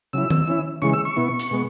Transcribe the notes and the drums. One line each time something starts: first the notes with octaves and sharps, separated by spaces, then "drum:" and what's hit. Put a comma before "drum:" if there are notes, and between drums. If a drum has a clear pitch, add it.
C#3 F#3 E4 E6
drum: tom D#3
E3 C#4 E4
C#3 E3 G#3 C#6
E6
C#6
B2 B3 E4
drum: hi-hat
B2 G#3 B3